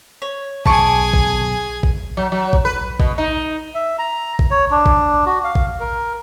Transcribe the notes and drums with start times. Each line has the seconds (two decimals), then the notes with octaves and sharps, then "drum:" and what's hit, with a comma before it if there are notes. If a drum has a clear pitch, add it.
0.22 C#5
0.66 B1 D#3 G#4 G#5 A5 C#6 D6, drum: kick A1
1.13 drum: kick A1
1.83 drum: kick A1
2.17 F#3
2.32 F#3
2.53 drum: kick A1
2.65 B4
3.00 B2, drum: kick A1
3.18 D#4
3.75 E5
3.99 A#5
4.39 drum: kick A1
4.51 C#5
4.71 D4
4.86 drum: kick A1
5.26 F#4
5.44 F5
5.55 drum: kick A1
5.80 A#4